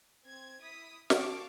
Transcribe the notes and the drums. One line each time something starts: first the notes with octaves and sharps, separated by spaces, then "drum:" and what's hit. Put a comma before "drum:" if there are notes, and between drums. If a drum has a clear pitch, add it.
C4 G#6
E4 D#6 B6
F5 A5 C#6 D6, drum: snare